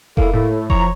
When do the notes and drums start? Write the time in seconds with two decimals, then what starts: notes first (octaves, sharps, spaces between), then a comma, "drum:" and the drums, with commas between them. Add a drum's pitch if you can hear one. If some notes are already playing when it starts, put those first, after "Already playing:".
0.17 A#3 E4 A4, drum: kick F1
0.33 A2 E4 A4
0.70 F3 C#5 A#5, drum: kick F1